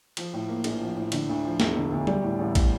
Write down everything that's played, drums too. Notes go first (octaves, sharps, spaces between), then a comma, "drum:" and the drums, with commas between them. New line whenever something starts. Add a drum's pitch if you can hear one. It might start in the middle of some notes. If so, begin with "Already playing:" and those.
F3, drum: cymbal
A2
A#3
A#1, drum: cymbal
F3
A2
D3, drum: cymbal
D2
F3
E1, drum: snare
D3
D2
G3, drum: tom F#3
A2
A1
drum: kick, cymbal